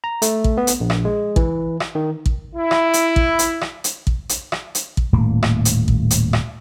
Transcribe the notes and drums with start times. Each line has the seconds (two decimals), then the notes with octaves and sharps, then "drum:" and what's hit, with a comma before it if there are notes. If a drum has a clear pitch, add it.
0.04 A#5
0.22 A3, drum: hi-hat
0.44 drum: kick
0.57 B3
0.67 drum: hi-hat
0.80 A#1
0.90 drum: rim click
1.05 G#3
1.36 E3, drum: kick
1.80 drum: rim click
1.95 D#3
2.26 drum: kick
2.55 E4
2.71 drum: rim click
2.93 drum: hi-hat
3.16 drum: kick
3.39 drum: hi-hat
3.61 drum: rim click
3.84 drum: hi-hat
4.07 drum: kick
4.29 drum: hi-hat
4.52 drum: rim click
4.75 drum: hi-hat
4.97 drum: kick
5.13 D#1 A2 A#3
5.43 drum: rim click
5.65 drum: hi-hat
5.88 drum: kick
6.10 drum: hi-hat
6.33 drum: rim click